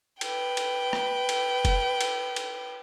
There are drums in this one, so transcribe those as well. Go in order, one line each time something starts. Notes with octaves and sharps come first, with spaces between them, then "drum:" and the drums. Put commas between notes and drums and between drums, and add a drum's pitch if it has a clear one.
B4 G5, drum: cymbal
drum: cymbal
drum: rim click
drum: cymbal
drum: kick F1, cymbal
drum: cymbal
drum: cymbal